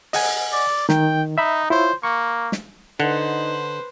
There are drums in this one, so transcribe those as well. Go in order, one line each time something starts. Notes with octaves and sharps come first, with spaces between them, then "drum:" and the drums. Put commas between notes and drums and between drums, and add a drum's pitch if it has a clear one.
D#5 F#5 G#5, drum: open hi-hat
D5
D#3 G5, drum: snare
D#4 E5 B5
E4 F4 C5 C#5
A#3 C#6
drum: snare
D3 D#4 B4 C5 F#5